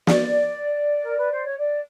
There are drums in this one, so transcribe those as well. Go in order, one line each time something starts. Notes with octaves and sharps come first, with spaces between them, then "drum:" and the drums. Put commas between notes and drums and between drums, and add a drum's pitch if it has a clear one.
D5, drum: snare
A#4
B4
C5
C#5
D5